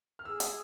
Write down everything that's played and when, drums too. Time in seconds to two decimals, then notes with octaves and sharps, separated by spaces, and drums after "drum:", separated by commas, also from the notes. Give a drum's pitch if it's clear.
0.19 F6
0.25 G#4 E6
0.40 drum: hi-hat